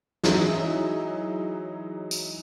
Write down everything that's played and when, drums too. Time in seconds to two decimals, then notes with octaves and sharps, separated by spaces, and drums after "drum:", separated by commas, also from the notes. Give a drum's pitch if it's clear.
0.24 E3 F#3 G#3 D#4 E4, drum: snare
2.11 drum: tambourine